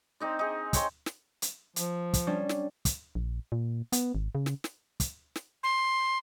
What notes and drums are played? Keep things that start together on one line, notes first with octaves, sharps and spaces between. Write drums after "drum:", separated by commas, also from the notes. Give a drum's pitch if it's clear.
C4 D#4 D5
D#4 G#4
C5 C#5 G5 C6, drum: kick, hi-hat
drum: snare
drum: hi-hat
F3, drum: hi-hat
drum: kick, hi-hat
G3 C#4 D4
drum: snare
drum: kick, hi-hat
A#1
A#2
B3, drum: hi-hat
G#1
C#3
drum: snare
drum: snare
drum: kick, hi-hat
drum: snare
C6